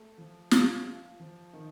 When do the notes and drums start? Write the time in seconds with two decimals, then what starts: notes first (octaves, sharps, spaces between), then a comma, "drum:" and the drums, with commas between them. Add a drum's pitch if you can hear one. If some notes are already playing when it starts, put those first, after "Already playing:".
Already playing: A3
0.18 F3
0.51 F4, drum: snare
0.85 F4
1.20 F3
1.53 D#3